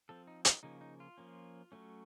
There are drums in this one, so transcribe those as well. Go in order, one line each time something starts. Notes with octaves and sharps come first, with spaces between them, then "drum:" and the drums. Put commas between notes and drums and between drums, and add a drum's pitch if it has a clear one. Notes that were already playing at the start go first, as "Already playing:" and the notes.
F3 C4 A4
D#4
D#4, drum: hi-hat
C#3 F3 A#3 C#4 D#4
D#4
F4
F3 A#3 C#4
F#3 A3 C#4